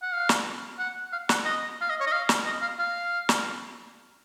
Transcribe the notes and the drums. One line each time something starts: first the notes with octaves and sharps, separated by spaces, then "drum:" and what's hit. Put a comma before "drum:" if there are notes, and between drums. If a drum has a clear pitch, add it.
F#5
F5
drum: snare
F#5
F5
F#5, drum: snare
D#5
F5
D#5
C#5
D#5
F5
drum: snare
D#5
F5
F5
drum: snare